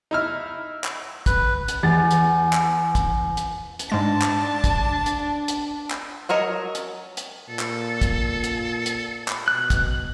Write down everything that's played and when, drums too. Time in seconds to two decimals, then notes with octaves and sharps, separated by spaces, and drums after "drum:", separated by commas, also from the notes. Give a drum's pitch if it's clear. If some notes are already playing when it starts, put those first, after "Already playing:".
0.11 D#4 E4 F6
0.84 drum: clap
1.26 B4, drum: kick, hi-hat
1.68 drum: hi-hat
1.83 E2 A6
2.11 drum: hi-hat
2.53 drum: clap
2.95 drum: kick, hi-hat
3.37 drum: hi-hat
3.79 drum: hi-hat
3.90 G#2 G#3 D4 A5 A#6
4.22 drum: clap
4.64 drum: kick, hi-hat
5.06 drum: hi-hat
5.48 drum: hi-hat
5.90 drum: clap
6.29 F#3 A#4 C#5 D#5
6.75 drum: hi-hat
7.17 drum: hi-hat
7.49 A#2 A4
7.59 drum: clap
8.02 drum: kick, hi-hat
8.44 drum: hi-hat
8.86 drum: hi-hat
9.28 drum: clap
9.48 B2 F#6
9.70 drum: kick, hi-hat